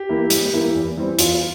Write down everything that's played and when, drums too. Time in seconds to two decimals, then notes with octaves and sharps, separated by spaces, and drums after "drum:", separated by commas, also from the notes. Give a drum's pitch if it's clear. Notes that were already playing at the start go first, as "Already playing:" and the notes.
Already playing: G4
0.09 E3 A#3 E4
0.30 G#2, drum: hi-hat
0.53 E3 A#3 E4
0.75 E2
0.97 E3 G3 C4
1.19 E2 F4, drum: hi-hat